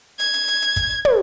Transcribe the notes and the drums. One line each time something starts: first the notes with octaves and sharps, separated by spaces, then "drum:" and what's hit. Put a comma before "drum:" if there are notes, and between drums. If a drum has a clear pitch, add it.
G#6, drum: hi-hat
drum: hi-hat
drum: hi-hat
drum: hi-hat
drum: kick, hi-hat
drum: tom